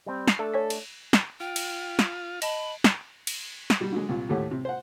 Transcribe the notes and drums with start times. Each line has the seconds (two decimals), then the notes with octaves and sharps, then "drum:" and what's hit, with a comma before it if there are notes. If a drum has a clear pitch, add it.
0.06 G3 C4
0.28 C7, drum: snare
0.39 A3 D4 A4
0.54 C#5 G#5 B6
0.70 drum: cymbal
1.13 drum: snare
1.40 F4 G5
1.56 drum: cymbal
1.99 drum: snare
2.42 D#5 A5 B5, drum: cymbal
2.84 drum: snare
3.27 drum: cymbal
3.70 drum: snare
3.80 B2 G3
3.92 D3 F#3 G#3
4.09 C2 A#2
4.29 D#2 A2 A3 G4 F#5
4.51 C3
4.65 C5 F#5